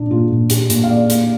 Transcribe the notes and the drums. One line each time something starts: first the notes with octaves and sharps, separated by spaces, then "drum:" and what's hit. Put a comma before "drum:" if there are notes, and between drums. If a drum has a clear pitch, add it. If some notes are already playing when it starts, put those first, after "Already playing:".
Already playing: A#2 A#3 D4
A#2 F4
A#2
A#2 G4, drum: hi-hat
A#2, drum: hi-hat
F5
A#3 D5
A#3, drum: hi-hat